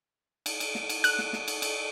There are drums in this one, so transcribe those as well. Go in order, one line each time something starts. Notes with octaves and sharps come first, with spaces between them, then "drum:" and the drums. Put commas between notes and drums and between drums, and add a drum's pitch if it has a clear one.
drum: cymbal
drum: cymbal
drum: snare
drum: cymbal
F#6, drum: cymbal
drum: snare
drum: snare
drum: cymbal
drum: cymbal